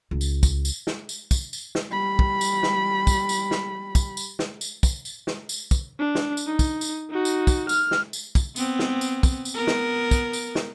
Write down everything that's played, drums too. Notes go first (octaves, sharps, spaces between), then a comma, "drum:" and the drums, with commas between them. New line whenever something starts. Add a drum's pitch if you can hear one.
C#2
drum: tambourine
drum: kick, tambourine
drum: tambourine
drum: snare
drum: tambourine
drum: kick, tambourine
drum: tambourine
drum: snare
G3 B5
drum: kick
drum: tambourine
drum: snare
drum: kick, tambourine
drum: tambourine
drum: snare
drum: kick, tambourine
drum: tambourine
drum: snare
drum: tambourine
drum: kick, tambourine
drum: tambourine
drum: snare
drum: tambourine
drum: kick, tambourine
D4
drum: snare
drum: tambourine
D#4
drum: kick, tambourine
drum: tambourine
D#4 F#4
drum: tambourine
drum: kick, tambourine
F6, drum: tambourine
drum: snare
drum: tambourine
drum: kick, tambourine
B3 C4, drum: tambourine
drum: snare
drum: tambourine
drum: kick, tambourine
drum: tambourine
B3 A#4
drum: snare
drum: kick, tambourine
drum: tambourine
drum: snare